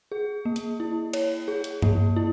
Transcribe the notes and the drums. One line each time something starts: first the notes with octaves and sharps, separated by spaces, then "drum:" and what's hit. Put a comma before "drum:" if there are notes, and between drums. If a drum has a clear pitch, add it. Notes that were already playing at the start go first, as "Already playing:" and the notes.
G#4
A#3
drum: hi-hat
E4
C#5, drum: cymbal
G#4
drum: hi-hat
A#3, drum: tom G2
E4